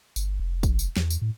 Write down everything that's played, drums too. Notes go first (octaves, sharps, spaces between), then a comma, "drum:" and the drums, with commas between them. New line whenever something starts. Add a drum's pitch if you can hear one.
G1, drum: tambourine
F1
drum: kick, tambourine
drum: tambourine
E2, drum: snare
drum: tambourine
A2